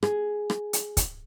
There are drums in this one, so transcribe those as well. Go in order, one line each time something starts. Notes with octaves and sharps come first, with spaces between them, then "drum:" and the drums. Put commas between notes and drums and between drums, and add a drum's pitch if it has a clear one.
G#4, drum: rim click
drum: rim click
drum: hi-hat
drum: kick, hi-hat